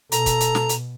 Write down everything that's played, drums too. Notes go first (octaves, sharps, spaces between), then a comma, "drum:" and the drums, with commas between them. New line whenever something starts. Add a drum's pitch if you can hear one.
B2 A4 A#5, drum: hi-hat
drum: kick, hi-hat
drum: hi-hat
drum: snare
drum: hi-hat